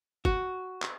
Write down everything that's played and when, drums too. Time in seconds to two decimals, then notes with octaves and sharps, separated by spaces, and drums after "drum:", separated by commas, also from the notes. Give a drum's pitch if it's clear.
0.25 F#4, drum: kick
0.82 drum: clap